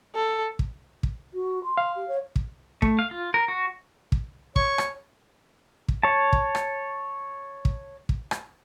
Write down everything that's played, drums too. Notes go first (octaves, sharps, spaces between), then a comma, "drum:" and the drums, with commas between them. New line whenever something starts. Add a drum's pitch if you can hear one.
A4
drum: kick
drum: kick
F#4
C6
F5
G4
C#5
drum: kick
A3, drum: kick
F5
F4
A#4
F#4
drum: kick
C#5 C#6, drum: kick
drum: rim click
drum: kick
C#5 A5
drum: kick
drum: rim click
drum: kick
drum: kick
drum: rim click